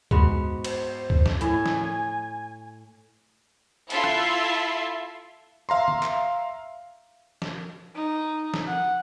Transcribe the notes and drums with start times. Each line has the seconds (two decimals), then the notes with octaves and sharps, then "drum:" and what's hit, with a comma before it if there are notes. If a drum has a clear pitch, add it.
0.11 G#2 B3 F#4, drum: kick
0.65 C5, drum: cymbal
1.10 drum: kick
1.26 drum: snare
1.41 A2 G#5, drum: hi-hat
1.66 drum: snare
3.90 E4 F4 A4 E5 C6, drum: hi-hat
4.04 drum: rim click
5.69 E5 F5 A#5 C6
5.88 drum: tom
6.03 drum: clap
7.42 drum: snare
7.96 D#4
8.54 drum: snare
8.67 F#5